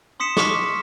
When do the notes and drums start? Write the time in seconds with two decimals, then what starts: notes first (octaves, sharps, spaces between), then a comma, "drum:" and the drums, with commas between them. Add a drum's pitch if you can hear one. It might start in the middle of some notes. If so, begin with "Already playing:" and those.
0.20 C6 D#6 B6 C#7 E7
0.37 C#6 D6 F6 B6, drum: snare